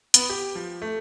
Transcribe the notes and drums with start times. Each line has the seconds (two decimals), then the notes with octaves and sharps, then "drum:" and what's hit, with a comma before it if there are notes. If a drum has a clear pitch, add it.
0.14 B3, drum: hi-hat
0.30 G4
0.55 F3
0.82 A3